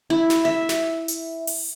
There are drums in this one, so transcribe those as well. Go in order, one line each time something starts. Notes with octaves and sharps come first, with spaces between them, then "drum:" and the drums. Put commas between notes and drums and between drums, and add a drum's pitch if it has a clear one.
E4
drum: snare
E5
drum: snare
drum: hi-hat
drum: open hi-hat